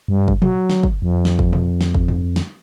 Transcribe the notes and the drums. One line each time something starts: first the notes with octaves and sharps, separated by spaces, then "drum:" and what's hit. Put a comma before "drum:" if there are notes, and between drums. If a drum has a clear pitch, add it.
G2
drum: kick
F#3, drum: tom A#2
drum: snare
drum: kick
F2
drum: snare
drum: kick
drum: tom A#2
drum: snare
drum: kick
drum: tom G2
drum: snare